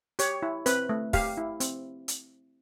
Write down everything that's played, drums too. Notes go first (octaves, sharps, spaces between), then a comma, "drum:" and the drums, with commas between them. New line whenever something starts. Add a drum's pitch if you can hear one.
G4 C#5, drum: hi-hat
E4
C4 B4, drum: hi-hat
A3
G4 F5, drum: kick, open hi-hat
E4
C4, drum: hi-hat
drum: hi-hat